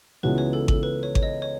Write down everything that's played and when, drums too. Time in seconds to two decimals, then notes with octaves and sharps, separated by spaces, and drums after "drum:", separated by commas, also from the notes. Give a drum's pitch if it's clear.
0.23 C#2 C#3 E3 B3 F#4 B4
0.38 C#5
0.53 A4
0.68 A4, drum: kick G#1
0.83 B4
1.03 C#5
1.15 C#5, drum: kick G#1
1.23 D#5
1.42 C#5